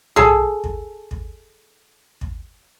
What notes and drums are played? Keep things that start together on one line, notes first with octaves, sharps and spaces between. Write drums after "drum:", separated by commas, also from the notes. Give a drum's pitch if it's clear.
G#4 A4, drum: tom B1
drum: kick
drum: kick
drum: kick